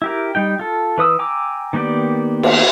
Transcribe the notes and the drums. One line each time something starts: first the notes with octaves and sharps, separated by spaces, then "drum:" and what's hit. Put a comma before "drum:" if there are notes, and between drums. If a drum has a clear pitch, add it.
E4 G4 A#4
G3 D#4 G5
F4 A4
E3 B4 D#6 E6
G5 G#5 A#5 D6 E6
D#3 A#3 B3 G4 D5
drum: cymbal